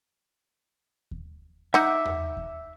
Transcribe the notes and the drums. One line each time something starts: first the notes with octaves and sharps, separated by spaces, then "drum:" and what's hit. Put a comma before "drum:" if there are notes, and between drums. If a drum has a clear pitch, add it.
drum: kick D#2
D#4 E5 F#5 D6 E6, drum: snare
drum: tom E2
drum: kick D#2